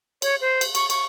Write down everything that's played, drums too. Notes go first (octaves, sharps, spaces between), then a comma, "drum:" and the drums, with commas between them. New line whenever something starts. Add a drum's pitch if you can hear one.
C#5, drum: cymbal
C5
drum: cymbal
C#6, drum: cymbal
C#6, drum: cymbal